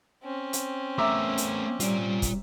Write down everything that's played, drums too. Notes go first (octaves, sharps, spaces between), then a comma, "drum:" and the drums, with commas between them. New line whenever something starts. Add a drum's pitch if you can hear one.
C4 C#4
drum: hi-hat
A3 B3 E5 A#5 D6
drum: hi-hat
G3 F4 D5, drum: hi-hat
drum: kick, hi-hat